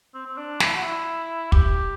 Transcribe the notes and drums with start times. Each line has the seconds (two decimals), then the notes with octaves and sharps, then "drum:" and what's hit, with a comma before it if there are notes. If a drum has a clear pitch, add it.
0.14 C4
0.26 C4
0.37 D4
0.60 E4, drum: snare
0.76 F#4
0.83 E4
1.52 G4, drum: kick